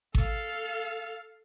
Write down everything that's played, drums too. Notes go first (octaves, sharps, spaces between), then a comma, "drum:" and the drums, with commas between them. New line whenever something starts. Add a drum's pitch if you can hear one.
A4 F5, drum: kick G#1